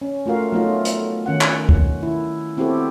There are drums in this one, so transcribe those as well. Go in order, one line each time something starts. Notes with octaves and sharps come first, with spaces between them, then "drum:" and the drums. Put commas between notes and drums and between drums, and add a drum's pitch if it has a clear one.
C#4
A3 F4 F#4 A#4 F5
F#3 A3 B3 D#4 F4
drum: hi-hat
D#3 C#4 F#5
drum: clap
drum: kick
E4
B3 C4 E4 F#4 G4 A4